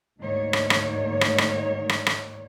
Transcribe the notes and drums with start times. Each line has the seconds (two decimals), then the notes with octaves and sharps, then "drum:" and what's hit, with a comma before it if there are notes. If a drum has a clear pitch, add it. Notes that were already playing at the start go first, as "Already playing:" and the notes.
0.19 D2 G#2 D#3 A#3 C#5 D5
0.53 drum: rim click
0.70 drum: rim click
1.21 drum: rim click
1.38 drum: rim click
1.89 drum: rim click
2.06 drum: rim click